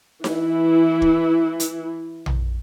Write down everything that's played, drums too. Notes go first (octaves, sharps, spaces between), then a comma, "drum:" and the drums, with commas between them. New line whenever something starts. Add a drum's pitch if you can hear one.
E3 E4, drum: snare D#4
drum: kick
drum: hi-hat
drum: tom A#1